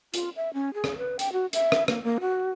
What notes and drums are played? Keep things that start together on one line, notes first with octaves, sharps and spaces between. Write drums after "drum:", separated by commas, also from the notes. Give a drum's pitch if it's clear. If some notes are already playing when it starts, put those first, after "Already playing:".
F4, drum: hi-hat
E5
C#4
G#4
drum: rim click
B4
G5, drum: hi-hat
F#4
E5, drum: hi-hat
drum: rim click
A#3, drum: rim click
A#3
F#4